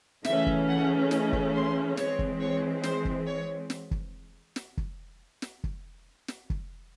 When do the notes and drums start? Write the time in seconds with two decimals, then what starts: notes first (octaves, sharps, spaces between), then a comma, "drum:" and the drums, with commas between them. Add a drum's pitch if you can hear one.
0.25 C#3 E3 A3 C#4 E5, drum: snare
0.47 drum: kick
0.68 F#5
1.11 D#5, drum: snare
1.33 drum: kick
1.55 C6
1.97 E3 G#3 C4 C#5, drum: snare
2.19 drum: kick
2.40 C#5
2.83 C5, drum: snare
3.05 drum: kick
3.26 C#5
3.70 drum: snare
3.91 drum: kick
4.56 drum: snare
4.77 drum: kick
5.42 drum: snare
5.64 drum: kick
6.28 drum: snare
6.50 drum: kick